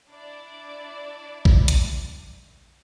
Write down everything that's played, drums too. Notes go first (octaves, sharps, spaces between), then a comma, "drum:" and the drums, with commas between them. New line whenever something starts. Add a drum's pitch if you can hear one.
D4 E4 D5
drum: kick A1
drum: hi-hat